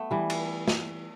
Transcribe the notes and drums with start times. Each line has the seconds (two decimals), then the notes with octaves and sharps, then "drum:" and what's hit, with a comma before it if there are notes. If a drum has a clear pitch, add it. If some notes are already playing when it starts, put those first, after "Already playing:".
Already playing: A3 B3
0.11 E3 G3
0.30 drum: cymbal
0.68 drum: snare